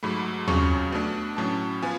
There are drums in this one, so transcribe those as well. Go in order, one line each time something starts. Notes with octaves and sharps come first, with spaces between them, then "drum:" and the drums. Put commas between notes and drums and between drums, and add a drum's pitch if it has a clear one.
G#2 F#3 A3 B5
F2 C#3 F#3 C#4 C#6, drum: tom D#2
B2 A3 D4
A2 F#3 C#4 A5
F3 B3 G#5